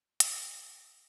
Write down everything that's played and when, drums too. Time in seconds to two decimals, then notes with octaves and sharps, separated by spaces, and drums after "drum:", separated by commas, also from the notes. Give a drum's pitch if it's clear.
0.20 B3 C4 F4 F#4, drum: hi-hat